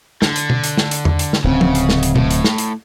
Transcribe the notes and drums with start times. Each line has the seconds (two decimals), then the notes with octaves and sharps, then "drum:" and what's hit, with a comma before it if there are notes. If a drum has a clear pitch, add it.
0.22 D3, drum: snare
0.36 drum: hi-hat
0.50 drum: tom B2
0.64 drum: hi-hat
0.77 drum: snare
0.91 drum: hi-hat
1.05 drum: tom E2
1.19 drum: hi-hat
1.33 drum: snare
1.44 D1 C#3 C4
1.61 drum: tom
1.75 drum: hi-hat
1.89 drum: snare
2.03 drum: hi-hat
2.16 A2, drum: tom B2
2.31 drum: hi-hat
2.44 drum: snare
2.58 drum: hi-hat